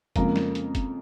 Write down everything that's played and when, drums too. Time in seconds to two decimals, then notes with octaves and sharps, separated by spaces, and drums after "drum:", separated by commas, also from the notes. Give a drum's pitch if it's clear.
0.16 F2 C#3 F3 G#3 A#3 A#4, drum: kick, hi-hat
0.36 drum: snare
0.55 drum: hi-hat
0.75 drum: kick, hi-hat